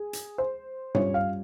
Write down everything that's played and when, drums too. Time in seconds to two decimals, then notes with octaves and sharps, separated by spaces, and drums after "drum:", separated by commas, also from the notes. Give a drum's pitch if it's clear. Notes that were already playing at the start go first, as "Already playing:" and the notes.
Already playing: G#4
0.13 drum: hi-hat
0.38 C5
0.95 G3 C#4 F4 C#5, drum: tom G2
1.14 F5